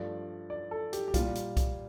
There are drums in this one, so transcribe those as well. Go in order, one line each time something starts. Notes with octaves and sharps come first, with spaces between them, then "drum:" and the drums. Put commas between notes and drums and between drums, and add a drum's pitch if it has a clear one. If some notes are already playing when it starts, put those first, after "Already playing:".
Already playing: G2 F3 A3 D5
D5
A4
G4, drum: hi-hat
G4
A#2 G3 F4, drum: kick, hi-hat
drum: hi-hat
drum: kick, hi-hat